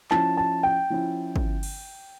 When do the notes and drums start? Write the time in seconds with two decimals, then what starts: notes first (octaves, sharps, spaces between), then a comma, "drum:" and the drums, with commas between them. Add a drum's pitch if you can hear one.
0.11 F3 C#4 E4 A5, drum: clap
0.37 A5
0.63 G5
0.90 F3 C#4 E4
1.36 drum: kick
1.63 drum: cymbal